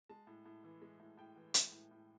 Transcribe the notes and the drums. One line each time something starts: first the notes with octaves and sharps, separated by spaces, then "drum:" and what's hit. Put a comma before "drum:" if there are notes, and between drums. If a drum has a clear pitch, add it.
G#3 A5
A2
A2
E3
G#3
A2
A2 G5
E3
G#3, drum: hi-hat
A2
A2